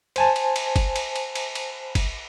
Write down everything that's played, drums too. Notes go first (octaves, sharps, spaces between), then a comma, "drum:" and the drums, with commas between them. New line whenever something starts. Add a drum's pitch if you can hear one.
C5 G#5 A5, drum: cymbal
drum: cymbal
drum: cymbal
drum: kick, cymbal
drum: cymbal
drum: cymbal
drum: cymbal
drum: cymbal
drum: kick, cymbal